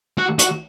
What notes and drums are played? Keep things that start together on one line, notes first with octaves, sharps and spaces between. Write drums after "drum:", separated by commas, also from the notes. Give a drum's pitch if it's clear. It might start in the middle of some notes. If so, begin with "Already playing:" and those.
F#4
F#4, drum: hi-hat